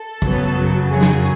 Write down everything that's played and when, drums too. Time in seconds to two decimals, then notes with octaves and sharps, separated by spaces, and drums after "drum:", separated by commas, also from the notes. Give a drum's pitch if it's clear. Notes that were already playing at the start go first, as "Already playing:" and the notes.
Already playing: A4
0.22 F#2 C#3 F#3 B3, drum: kick
0.54 F#2 C#3 F#3
0.87 F#2 C#3 F#3 G#4
1.01 drum: snare